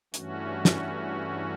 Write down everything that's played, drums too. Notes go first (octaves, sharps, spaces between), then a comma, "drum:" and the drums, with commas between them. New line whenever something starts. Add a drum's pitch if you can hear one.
G2 E3 A3 C#4 F#4, drum: hi-hat
drum: snare